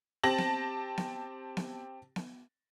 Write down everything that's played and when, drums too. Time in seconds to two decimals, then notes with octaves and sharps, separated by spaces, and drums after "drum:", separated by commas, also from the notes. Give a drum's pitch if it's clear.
0.23 C4 G4 A5 A#6 F#7
0.38 drum: snare B3
0.97 drum: snare B3
1.57 drum: snare B3
2.16 drum: snare B3